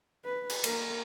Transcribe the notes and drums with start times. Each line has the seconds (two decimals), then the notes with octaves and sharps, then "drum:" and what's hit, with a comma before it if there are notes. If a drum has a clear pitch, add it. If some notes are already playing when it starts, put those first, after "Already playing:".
0.25 B4
0.50 drum: cymbal
0.64 A#3 A#4, drum: cymbal